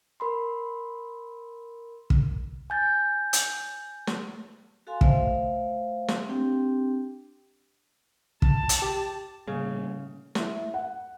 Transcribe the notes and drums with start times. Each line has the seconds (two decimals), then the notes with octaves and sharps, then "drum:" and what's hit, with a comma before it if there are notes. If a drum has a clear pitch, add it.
0.20 A#4 B5 C6
2.10 drum: kick
2.70 G#5 G6 A6
3.33 drum: hi-hat
4.07 drum: snare
4.87 F#4 A4 F5 G#5 C6
5.01 A3 C5 E5 F5, drum: kick
6.08 drum: snare
6.27 C4 D4 G4 G5
8.42 A5, drum: kick
8.69 drum: hi-hat
8.82 G4
9.47 A2 C#3 G3 A#3
10.35 E4 E5, drum: snare
10.74 F#5